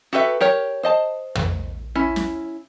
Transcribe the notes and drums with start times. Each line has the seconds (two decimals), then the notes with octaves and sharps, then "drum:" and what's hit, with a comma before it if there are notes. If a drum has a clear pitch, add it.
0.13 F#4 G4 A4 B4 E5
0.41 G4 A#4 C#5
0.83 C5 D#5 A5
1.35 drum: tom
1.95 C#4 E4
2.16 drum: snare